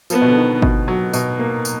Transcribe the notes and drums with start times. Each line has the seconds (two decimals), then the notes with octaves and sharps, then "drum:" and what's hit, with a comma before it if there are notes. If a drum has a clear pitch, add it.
0.10 F3 B3, drum: tambourine
0.22 B2
0.28 D3
0.37 D#3
0.62 B2, drum: kick G1
0.88 F#3
1.14 B2, drum: tambourine
1.39 A#3
1.65 drum: tambourine